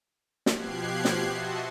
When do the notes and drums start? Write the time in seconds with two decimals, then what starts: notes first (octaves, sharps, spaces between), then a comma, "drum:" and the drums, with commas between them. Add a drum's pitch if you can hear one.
0.46 B2 F3 G4 F#6 G#6 C7, drum: snare
1.05 drum: snare
1.28 F#4 D#5 E5 F#5 A5 C6